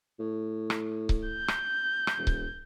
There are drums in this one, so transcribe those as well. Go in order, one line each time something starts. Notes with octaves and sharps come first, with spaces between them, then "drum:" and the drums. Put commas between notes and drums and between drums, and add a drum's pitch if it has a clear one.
A2
drum: rim click
drum: kick C#1
G6
drum: rim click
drum: rim click
E1
drum: kick C#1